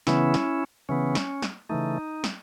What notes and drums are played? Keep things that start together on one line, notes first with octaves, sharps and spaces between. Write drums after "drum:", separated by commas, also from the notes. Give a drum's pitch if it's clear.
C#3 E3 B3 C#4 E4, drum: snare
drum: snare
C#3 E3 B3 C#4
drum: snare
drum: snare
C#3 E3 A3 D#4
drum: snare